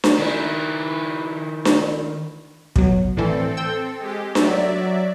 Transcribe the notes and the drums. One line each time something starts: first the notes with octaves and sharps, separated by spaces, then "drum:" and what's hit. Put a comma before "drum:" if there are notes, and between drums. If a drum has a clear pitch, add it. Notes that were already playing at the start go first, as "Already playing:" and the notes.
drum: snare D4
D#3 E4
drum: snare D4
B2 F#3, drum: kick
A2 D3 E3 C4 A4
G5 E6
G#3 G4
F#3 D5 E5, drum: snare D4